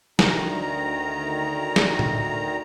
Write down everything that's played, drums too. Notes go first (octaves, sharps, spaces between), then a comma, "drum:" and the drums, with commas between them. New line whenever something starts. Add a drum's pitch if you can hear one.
D2 D#3 A#5, drum: snare
drum: snare
drum: tom A2